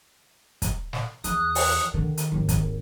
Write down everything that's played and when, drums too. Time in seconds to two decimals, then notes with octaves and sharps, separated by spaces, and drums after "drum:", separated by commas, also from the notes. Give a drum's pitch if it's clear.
0.62 drum: kick, hi-hat
0.93 drum: snare
1.24 E2 D#6 F#6, drum: hi-hat
1.55 drum: open hi-hat
1.94 D3 D#3
2.17 drum: hi-hat
2.32 G#1 D#2
2.49 drum: kick, hi-hat